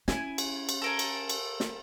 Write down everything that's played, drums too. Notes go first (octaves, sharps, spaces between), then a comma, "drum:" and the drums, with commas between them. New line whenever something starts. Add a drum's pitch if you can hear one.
C#4 E4 G#5, drum: snare
drum: cymbal
drum: cymbal
A4 A#4 G#5
drum: cymbal
drum: cymbal
drum: snare